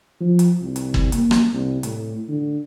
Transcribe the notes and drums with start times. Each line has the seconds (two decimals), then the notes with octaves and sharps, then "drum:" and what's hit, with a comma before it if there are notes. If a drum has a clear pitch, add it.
0.21 F3
0.39 drum: hi-hat
0.61 C2
0.76 drum: hi-hat
0.94 drum: kick
1.12 A#3, drum: hi-hat
1.31 drum: rim click
1.53 C2
1.83 A2, drum: hi-hat
2.28 D3